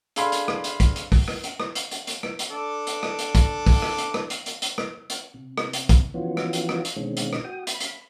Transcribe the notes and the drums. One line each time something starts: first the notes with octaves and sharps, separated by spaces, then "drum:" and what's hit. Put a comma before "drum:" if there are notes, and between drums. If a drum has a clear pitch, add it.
D4 G#4 A4 F5 B5 C6, drum: hi-hat
drum: hi-hat
drum: rim click
drum: hi-hat
drum: kick, hi-hat
drum: hi-hat
drum: kick, open hi-hat
drum: rim click
drum: hi-hat
drum: rim click
drum: hi-hat
drum: hi-hat
drum: hi-hat
drum: rim click
drum: hi-hat
D4 A4 D5
drum: hi-hat
drum: rim click
drum: hi-hat
drum: kick, hi-hat
drum: kick, open hi-hat
drum: rim click
drum: hi-hat
drum: rim click
drum: hi-hat
drum: hi-hat
drum: hi-hat
drum: rim click
drum: hi-hat
C3
drum: rim click
drum: hi-hat
drum: kick, hi-hat
E3 F3 B3 C#4 F4 F#4
drum: rim click
drum: hi-hat
drum: rim click
drum: hi-hat
B2 D3 D#3 G#3 C4 C#4
drum: hi-hat
drum: rim click
F#4 G5 D#6
B5, drum: hi-hat
drum: hi-hat